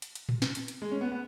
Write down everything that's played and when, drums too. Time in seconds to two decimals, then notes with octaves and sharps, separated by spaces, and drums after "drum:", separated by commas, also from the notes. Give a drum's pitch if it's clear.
0.02 drum: hi-hat
0.15 drum: hi-hat
0.29 drum: tom A2
0.42 drum: snare
0.55 drum: hi-hat
0.68 drum: hi-hat
0.82 G#3
0.91 C#4
1.01 B3
1.12 B3